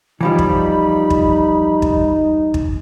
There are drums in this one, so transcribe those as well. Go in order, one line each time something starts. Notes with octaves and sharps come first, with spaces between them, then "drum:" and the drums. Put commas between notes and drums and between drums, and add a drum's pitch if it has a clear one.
E3 F3 G3 D#4 B5
drum: kick
drum: kick
drum: kick
drum: kick